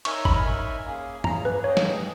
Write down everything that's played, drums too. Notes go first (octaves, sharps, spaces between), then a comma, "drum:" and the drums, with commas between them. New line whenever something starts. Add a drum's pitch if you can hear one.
D#4 A#4 C#5 E5 G#5 C#6, drum: cymbal
B5, drum: kick G1
D#4 A#4 C#5 E5 G#5
A#3 C#4 G#4
A#3 C#4 G#4 A#5, drum: tom
B4
A#3 C#4 G#4 C#5 D#5 G5
drum: snare